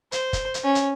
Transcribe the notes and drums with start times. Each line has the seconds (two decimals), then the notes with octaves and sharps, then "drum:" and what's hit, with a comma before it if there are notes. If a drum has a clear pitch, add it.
0.12 C5, drum: hi-hat
0.33 drum: kick, hi-hat
0.54 drum: hi-hat
0.64 C#4
0.75 drum: hi-hat